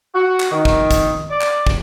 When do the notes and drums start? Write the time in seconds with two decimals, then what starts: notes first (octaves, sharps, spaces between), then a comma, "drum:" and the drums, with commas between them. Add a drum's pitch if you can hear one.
0.15 F#4
0.40 drum: clap
0.51 D#3
0.65 drum: kick
0.91 drum: kick, hi-hat
1.30 D5
1.41 drum: clap
1.67 drum: kick